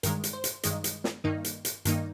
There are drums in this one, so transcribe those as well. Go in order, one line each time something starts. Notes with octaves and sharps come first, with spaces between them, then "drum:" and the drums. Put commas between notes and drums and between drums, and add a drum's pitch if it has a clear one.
G2 D#3 G#3 A#4, drum: hi-hat
drum: hi-hat
C5
drum: hi-hat
G2 D#3 G#3 D#5, drum: hi-hat
drum: hi-hat
drum: snare
G2 D#3 A#3 D#4
drum: hi-hat
drum: hi-hat
G2 D#3 A#3 D#4, drum: hi-hat